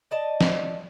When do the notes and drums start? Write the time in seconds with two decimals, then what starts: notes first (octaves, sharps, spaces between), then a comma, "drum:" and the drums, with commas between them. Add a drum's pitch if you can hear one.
0.11 D5 D#5 A5
0.41 drum: snare